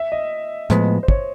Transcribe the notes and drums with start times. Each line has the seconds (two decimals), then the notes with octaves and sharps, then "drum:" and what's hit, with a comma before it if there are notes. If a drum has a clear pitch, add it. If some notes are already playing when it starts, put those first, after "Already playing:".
Already playing: E5
0.12 D#5
0.70 A2 F3 G#3 B3, drum: hi-hat
1.03 C5
1.08 C#5, drum: kick